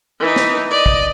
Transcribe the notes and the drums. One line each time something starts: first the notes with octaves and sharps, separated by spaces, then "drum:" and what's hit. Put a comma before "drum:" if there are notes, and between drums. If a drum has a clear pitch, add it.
E3 D#4
drum: snare
D5 D#5
drum: kick